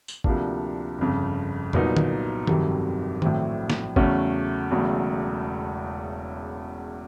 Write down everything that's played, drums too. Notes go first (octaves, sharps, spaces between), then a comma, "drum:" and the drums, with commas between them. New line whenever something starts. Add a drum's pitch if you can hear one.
drum: tambourine
D2 C3 F3 A#3 D4, drum: kick
G1 F2 C#3
C2 A#2 F#3 B3 D#4, drum: tom E2
drum: tom D3
G1 F2 C3 D#3 F#3, drum: tom D#3
A#1 A2 F#3 A3 C4, drum: tom D#3
drum: snare
E2 C#3 F#3 A3 C#4, drum: kick
E1 E2 C#3 F#3 A3